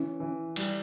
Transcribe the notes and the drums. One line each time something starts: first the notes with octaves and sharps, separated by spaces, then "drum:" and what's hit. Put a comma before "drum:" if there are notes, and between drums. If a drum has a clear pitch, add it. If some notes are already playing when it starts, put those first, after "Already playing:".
Already playing: E3 C#4
E3
G3, drum: cymbal